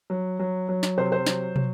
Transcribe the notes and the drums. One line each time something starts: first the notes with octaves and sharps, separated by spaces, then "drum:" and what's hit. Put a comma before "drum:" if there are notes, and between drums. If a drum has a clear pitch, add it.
F#3
F#3
F#3
drum: snare
C3 C5
C5
F#3, drum: snare
F#3, drum: tom